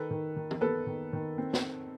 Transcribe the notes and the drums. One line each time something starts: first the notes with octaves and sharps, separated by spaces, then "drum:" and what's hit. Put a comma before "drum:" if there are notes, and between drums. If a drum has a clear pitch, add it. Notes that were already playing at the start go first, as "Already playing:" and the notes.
Already playing: D#3 A4 B4
D#3
D#3
drum: tom
B3 A4 B4
D#3
D#3
C4
drum: snare